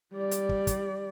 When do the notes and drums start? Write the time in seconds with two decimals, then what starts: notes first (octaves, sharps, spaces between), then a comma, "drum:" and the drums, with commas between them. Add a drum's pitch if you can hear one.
0.14 G3 D5
0.31 drum: hi-hat
0.49 drum: kick
0.67 drum: kick, hi-hat